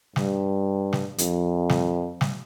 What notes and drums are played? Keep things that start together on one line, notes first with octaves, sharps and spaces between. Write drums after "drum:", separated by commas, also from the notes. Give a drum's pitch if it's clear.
G2, drum: snare
drum: snare
F2, drum: hi-hat
drum: snare
drum: snare